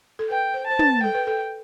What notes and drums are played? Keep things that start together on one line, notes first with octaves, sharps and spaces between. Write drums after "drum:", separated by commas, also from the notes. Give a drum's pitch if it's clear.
A4
B4 G5
C5
C5 A5
B4, drum: tom
A4 G5
B4
A4